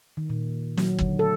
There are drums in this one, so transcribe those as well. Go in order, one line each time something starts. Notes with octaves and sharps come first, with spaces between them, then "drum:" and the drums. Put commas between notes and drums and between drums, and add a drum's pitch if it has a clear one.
D#3
A#2
F#3, drum: snare
D3, drum: kick
A4